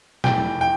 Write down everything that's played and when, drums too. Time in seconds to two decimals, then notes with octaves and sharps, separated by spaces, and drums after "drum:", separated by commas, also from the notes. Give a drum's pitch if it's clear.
0.24 F1 E2 E3 G5, drum: snare
0.61 G5